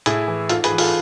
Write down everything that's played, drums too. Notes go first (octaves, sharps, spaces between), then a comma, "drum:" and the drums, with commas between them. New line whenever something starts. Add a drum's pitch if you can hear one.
A2 E4 G#4, drum: hi-hat
E3
G#2 F4 A4, drum: hi-hat
G#4 B4, drum: hi-hat
E3
F4 A4, drum: open hi-hat